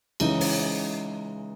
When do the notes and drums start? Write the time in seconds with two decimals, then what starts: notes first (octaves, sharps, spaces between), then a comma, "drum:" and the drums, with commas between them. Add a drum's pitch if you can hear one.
0.20 C#2 C#3 E3 G#3 D#4, drum: cymbal
0.41 drum: open hi-hat